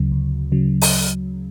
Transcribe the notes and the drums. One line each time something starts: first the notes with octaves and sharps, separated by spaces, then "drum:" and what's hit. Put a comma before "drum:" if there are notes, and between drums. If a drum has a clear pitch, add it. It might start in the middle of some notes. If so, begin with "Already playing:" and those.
Already playing: D2 C#3 F#3
D2
C#3 F#3
drum: open hi-hat